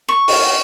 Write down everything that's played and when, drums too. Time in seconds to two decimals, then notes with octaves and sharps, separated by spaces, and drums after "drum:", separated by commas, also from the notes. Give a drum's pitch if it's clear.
0.08 C#6
0.28 drum: open hi-hat